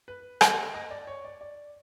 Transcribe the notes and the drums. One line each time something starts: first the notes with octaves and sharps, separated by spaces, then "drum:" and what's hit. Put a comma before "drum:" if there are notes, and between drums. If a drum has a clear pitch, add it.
B4
D#5, drum: rim click
D#5
D5
C#5
D5
D5